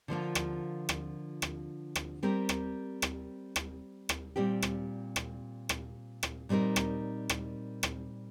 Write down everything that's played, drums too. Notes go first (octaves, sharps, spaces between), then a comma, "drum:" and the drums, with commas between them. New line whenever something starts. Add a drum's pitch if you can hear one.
D3 F3 A#3 F4
drum: rim click
drum: rim click
drum: rim click
drum: rim click
G3 C4 G4 A#4
drum: rim click
drum: rim click
drum: rim click
drum: rim click
A#2 G3 C4 G4
drum: rim click
drum: rim click
drum: rim click
drum: rim click
A#2 G3 C4 D#4 A#4
drum: rim click
drum: rim click
drum: rim click